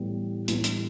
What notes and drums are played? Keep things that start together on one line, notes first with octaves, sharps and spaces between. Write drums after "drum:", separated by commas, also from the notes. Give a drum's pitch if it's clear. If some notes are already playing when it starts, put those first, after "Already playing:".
Already playing: A2 E3 G3 B3
A2 E3 G3 B3, drum: hi-hat
drum: hi-hat